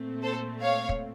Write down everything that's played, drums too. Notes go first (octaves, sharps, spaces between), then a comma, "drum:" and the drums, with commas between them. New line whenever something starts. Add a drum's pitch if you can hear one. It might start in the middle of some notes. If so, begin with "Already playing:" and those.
Already playing: A#2 A3 C4
A4 C5
C#5 F5
drum: kick